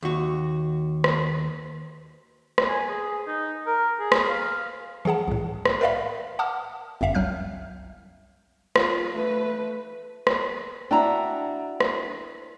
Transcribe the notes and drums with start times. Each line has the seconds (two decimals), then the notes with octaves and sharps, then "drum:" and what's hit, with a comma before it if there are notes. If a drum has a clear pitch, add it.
0.03 D#2 F#4
1.04 drum: rim click
2.58 drum: rim click
2.69 G#5
2.90 G#4
3.27 D#4
3.67 A#4
3.99 G#4
4.12 drum: rim click
4.30 F5
5.05 E3 F3 G#4 F#5 A5
5.28 C2 A2
5.65 drum: rim click
5.81 A#4 B4 D5 E5 F5 B5
6.39 F#5 A5 D6 D#6 F6
7.01 G1 F#2 E5 F5
7.15 C2 F#3 F6 G6
8.76 F4, drum: rim click
9.11 A3 B4
10.27 drum: rim click
10.91 D4 E4 F#4 G5 A#5
11.80 drum: rim click